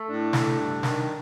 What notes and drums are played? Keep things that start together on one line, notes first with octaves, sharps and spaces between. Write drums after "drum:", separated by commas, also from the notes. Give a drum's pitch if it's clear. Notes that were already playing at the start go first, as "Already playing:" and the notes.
Already playing: A3
A2 D4
A3, drum: snare
G2
D#3, drum: snare